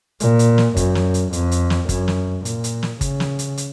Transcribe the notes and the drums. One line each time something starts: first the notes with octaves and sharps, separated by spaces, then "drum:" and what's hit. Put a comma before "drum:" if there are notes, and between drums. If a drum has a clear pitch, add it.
A#2, drum: hi-hat
drum: hi-hat
drum: snare
F#2, drum: kick G1, hi-hat
drum: snare
drum: hi-hat
F2, drum: hi-hat
drum: hi-hat
drum: snare
F#2, drum: kick G1, hi-hat
drum: snare
A#2, drum: hi-hat
drum: hi-hat
drum: snare
C#3, drum: kick G1, hi-hat
drum: snare
drum: hi-hat
drum: hi-hat